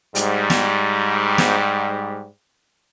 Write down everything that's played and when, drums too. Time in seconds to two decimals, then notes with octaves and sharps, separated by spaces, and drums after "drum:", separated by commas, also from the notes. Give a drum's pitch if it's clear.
0.15 G#2 G3, drum: hi-hat
0.50 drum: snare
1.38 drum: snare